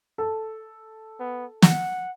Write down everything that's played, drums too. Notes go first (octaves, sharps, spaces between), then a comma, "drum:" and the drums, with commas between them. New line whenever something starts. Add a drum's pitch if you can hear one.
A4
B3
F#5, drum: snare